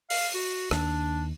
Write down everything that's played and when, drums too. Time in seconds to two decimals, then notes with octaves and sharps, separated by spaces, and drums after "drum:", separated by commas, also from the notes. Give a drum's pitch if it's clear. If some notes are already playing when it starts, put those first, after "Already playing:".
0.10 F5, drum: open hi-hat
0.34 F#4
0.71 D#2 D4, drum: rim click